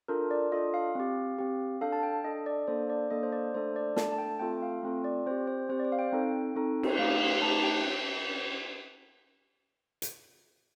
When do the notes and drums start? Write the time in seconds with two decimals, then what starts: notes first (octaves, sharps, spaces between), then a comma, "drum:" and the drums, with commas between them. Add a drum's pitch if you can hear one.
0.08 D4 F4 A4 A#4
0.31 D5
0.52 D4 F4 A4 D#5
0.74 F5
0.95 C4 G4
1.39 C4 G4
1.81 D4 A4 F5
1.92 A5
2.03 G5
2.24 D4 A4 D#5
2.46 D5
2.67 A#3 D4 A4 C5
2.90 D5
3.10 A#3 D4 A4 D#5
3.23 C5
3.32 D5
3.54 A3 D4 A4 C5
3.76 D5
3.96 A3 D4 A4 A5, drum: snare
4.12 A5
4.18 G5
4.40 A3 C4 F4 A4 G5
4.62 F5
4.83 A3 C4 F4 A4
5.04 D5
5.26 C4 G4 C5
5.47 C5
5.69 C4 G4 C5
5.79 D5
5.84 C5
5.92 F5
5.99 G5
6.12 C4 D#4 A4
6.56 C4 D#4 A4
6.83 drum: cymbal
6.98 A3 D#4 G4 F5
7.42 A3 D#4 G4 A5
7.63 G5
10.02 drum: hi-hat